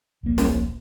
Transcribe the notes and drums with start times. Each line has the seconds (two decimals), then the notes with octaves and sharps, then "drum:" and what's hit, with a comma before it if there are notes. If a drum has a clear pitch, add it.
0.23 D1 A#1 A#3
0.38 drum: snare